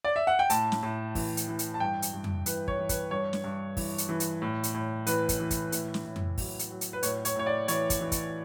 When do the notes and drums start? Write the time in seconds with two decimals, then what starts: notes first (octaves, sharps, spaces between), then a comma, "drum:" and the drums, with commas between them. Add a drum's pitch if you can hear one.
0.04 D5
0.16 E5
0.27 F#5
0.39 G5
0.50 A2 A5, drum: hi-hat
0.72 drum: snare
0.83 A2
1.15 E3, drum: kick, open hi-hat
1.37 drum: hi-hat
1.48 E3
1.59 drum: hi-hat
1.74 A5
1.80 G2 G5
2.02 drum: hi-hat
2.13 G2
2.24 drum: tom F2
2.46 E3 B4, drum: hi-hat
2.68 C#5, drum: kick
2.79 E3
2.89 B4, drum: kick, hi-hat
3.11 G2 C#5
3.33 drum: snare
3.44 G2
3.77 E3, drum: kick, open hi-hat
3.98 drum: hi-hat
4.09 E3
4.20 drum: hi-hat
4.42 A2
4.63 drum: hi-hat
4.74 A2
5.07 E3 B4, drum: hi-hat
5.29 drum: kick, hi-hat
5.40 E3
5.50 drum: kick, hi-hat
5.72 A2, drum: hi-hat
5.94 drum: snare
6.05 A2
6.16 drum: tom F2
6.38 F#3, drum: kick, open hi-hat
6.59 drum: hi-hat
6.71 F#3
6.81 drum: hi-hat
6.93 B4
7.03 A2 C#5, drum: hi-hat
7.25 C#5, drum: hi-hat
7.36 A2 C#5
7.46 D5
7.68 E3 C#5, drum: hi-hat
7.90 drum: kick, hi-hat
8.01 E3
8.12 drum: kick, hi-hat